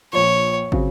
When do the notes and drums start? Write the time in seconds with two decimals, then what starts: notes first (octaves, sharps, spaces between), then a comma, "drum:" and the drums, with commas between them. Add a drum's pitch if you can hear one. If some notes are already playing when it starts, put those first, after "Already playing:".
0.13 A#1 A#2 F3 C#5
0.72 C#3 F#3 C4, drum: kick